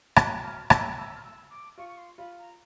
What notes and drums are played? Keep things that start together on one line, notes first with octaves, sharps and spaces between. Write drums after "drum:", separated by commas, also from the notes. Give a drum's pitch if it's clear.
F#4 F#6, drum: rim click
F6
E6, drum: rim click
E6
F6
E6
D6
F4 C#6
C#6
C6
F4 B5
A#5